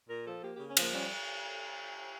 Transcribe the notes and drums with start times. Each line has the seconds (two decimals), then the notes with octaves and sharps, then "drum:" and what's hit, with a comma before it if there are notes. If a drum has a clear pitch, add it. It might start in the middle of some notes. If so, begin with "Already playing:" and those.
0.09 A#2 A#4
0.26 F3 A4
0.42 A#3 G4
0.56 C#3 G4
0.69 C#4
0.77 F3 A#3, drum: cymbal
0.93 G3 C#4